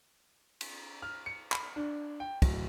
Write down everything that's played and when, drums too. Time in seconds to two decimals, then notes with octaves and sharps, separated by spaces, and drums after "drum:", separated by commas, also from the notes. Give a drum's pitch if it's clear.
0.61 drum: cymbal
1.02 F6
1.26 C#7
1.52 B5, drum: clap
1.76 D4
2.20 G5
2.42 D1, drum: kick, cymbal